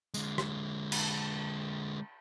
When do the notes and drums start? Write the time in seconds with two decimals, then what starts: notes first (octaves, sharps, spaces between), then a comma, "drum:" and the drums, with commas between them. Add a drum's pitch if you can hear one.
0.14 D3 G#3, drum: tambourine
0.38 drum: rim click
0.92 drum: cymbal